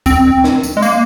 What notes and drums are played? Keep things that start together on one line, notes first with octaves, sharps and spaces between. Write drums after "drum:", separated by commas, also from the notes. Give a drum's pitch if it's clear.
C4, drum: kick, tambourine
drum: snare
drum: tambourine
G#3
A#3, drum: tambourine